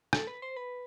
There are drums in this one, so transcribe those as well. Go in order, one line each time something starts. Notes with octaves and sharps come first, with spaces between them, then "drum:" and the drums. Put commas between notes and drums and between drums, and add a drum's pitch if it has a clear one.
A4, drum: rim click
B4
C5
B4